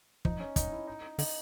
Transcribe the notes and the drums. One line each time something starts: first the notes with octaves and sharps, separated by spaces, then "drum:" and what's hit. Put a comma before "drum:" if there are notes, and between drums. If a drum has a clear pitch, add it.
F3 D#4, drum: kick
C#4
D#4, drum: kick, hi-hat
E4
D#4
D3 D#4, drum: open hi-hat